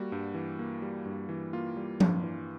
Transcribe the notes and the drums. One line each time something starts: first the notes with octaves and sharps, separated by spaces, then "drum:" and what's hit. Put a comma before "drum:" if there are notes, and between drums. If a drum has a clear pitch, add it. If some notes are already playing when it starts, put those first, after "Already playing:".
Already playing: G3 A#3 F#4
G2
E3
A#3
G3
G2
E3
A#3 F4
G3
G2, drum: tom F3
E3